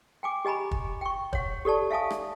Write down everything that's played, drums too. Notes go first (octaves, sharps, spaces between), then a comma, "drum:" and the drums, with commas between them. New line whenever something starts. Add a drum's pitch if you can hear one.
G5 G#5 D6
G4 D#5 G#5 A#5 B5
drum: kick
G5 C#6
C#5 F#5, drum: kick
G4 A4 D5 A5
E5 F5 G#5 A5 D#6
drum: rim click